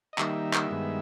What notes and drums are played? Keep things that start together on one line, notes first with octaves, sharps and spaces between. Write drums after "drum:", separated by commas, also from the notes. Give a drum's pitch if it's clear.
D#5
D#3 G3 A#3 D#4 E5, drum: clap
drum: clap
G2 D#3 G#3 B3